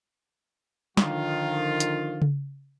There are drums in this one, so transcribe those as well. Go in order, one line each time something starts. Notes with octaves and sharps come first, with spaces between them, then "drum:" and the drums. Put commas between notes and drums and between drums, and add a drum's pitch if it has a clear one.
D3 D#3 F3 F4, drum: snare
drum: hi-hat
drum: tom C#3